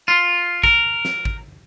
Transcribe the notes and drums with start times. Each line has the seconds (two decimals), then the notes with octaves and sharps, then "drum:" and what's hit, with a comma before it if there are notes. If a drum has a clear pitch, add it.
0.08 F4
0.64 A#4, drum: kick G#1
1.05 drum: snare
1.25 drum: kick G#1